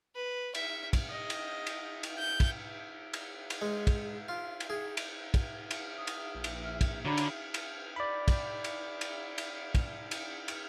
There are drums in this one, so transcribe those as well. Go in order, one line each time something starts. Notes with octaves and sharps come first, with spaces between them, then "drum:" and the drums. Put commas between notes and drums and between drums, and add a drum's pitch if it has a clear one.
B4
E5, drum: cymbal
drum: kick, cymbal
D#5
drum: cymbal
drum: cymbal
drum: cymbal
G6
drum: kick, cymbal
drum: cymbal
drum: cymbal
G#3
drum: kick, cymbal
F4
drum: cymbal
G#4
drum: cymbal
drum: kick, cymbal
drum: cymbal
D#6
drum: cymbal
A#1
drum: cymbal
E5 F6
drum: kick, cymbal
D3 D4 F#4 C#5 D5 A#5 B5
drum: cymbal
drum: cymbal
D5 B5
drum: kick, cymbal
drum: cymbal
drum: cymbal
drum: cymbal
drum: kick, cymbal
drum: cymbal
drum: cymbal